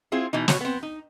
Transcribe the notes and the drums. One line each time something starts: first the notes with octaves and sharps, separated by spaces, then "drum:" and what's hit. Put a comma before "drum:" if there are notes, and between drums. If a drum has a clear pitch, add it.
C4 E4 F4 G#4
B2 E3 D#4
B2 F#4 C#5, drum: snare
B3 C4
D#4